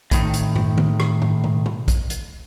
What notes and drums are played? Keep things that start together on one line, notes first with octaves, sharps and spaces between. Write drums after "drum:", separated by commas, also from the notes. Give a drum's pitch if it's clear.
A2 D#3, drum: kick, hi-hat
drum: hi-hat
drum: tom
drum: tom D#3
drum: rim click
drum: tom
drum: tom
drum: tom
drum: kick, hi-hat
drum: hi-hat